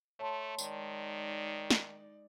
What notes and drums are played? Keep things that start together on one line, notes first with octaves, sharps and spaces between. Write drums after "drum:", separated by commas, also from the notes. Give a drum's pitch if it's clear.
A3 C#5 A5 C6
D#3 G#3 D#4 D5, drum: tambourine
drum: snare